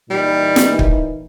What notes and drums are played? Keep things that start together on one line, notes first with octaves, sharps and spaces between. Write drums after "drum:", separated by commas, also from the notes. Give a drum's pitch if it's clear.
A#2 E3 G3 D#4
drum: snare
drum: kick